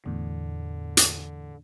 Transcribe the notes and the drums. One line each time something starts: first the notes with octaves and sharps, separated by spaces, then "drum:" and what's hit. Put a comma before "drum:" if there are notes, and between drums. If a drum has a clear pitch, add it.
E2 A2 D3
drum: hi-hat